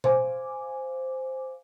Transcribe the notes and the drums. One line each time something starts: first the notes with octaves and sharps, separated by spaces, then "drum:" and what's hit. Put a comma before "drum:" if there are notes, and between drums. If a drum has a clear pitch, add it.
C5 F5 G#5 D6, drum: tom B2